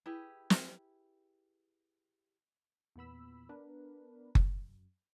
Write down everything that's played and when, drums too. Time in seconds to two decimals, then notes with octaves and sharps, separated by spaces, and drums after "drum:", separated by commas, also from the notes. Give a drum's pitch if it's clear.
0.06 E4 G4 G#4 B4
0.50 drum: snare
2.96 E2 A#2 B3 B5 E6
3.49 B3 D4 A#4 B4
4.35 F#2, drum: kick F#1